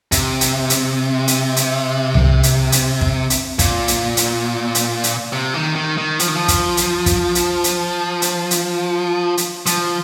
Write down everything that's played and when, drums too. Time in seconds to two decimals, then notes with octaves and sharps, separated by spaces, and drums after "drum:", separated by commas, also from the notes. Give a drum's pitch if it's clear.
0.12 C3, drum: kick, hi-hat
0.41 drum: hi-hat
0.70 drum: hi-hat
1.28 drum: hi-hat
1.56 drum: hi-hat
2.14 drum: tom C2
2.43 drum: hi-hat
2.72 drum: hi-hat
3.01 drum: kick
3.30 drum: hi-hat
3.59 A#2, drum: kick, hi-hat
3.88 drum: hi-hat
4.17 drum: hi-hat
4.75 drum: hi-hat
5.04 drum: hi-hat
5.33 C3
5.54 D#3
5.76 D#3
5.98 D#3
6.19 F3, drum: hi-hat
6.28 D#3
6.36 F3
6.48 drum: kick, hi-hat
6.77 drum: hi-hat
7.06 drum: kick, hi-hat
7.35 drum: hi-hat
7.64 drum: hi-hat
8.22 drum: hi-hat
8.51 drum: hi-hat
9.37 drum: hi-hat
9.66 F3, drum: hi-hat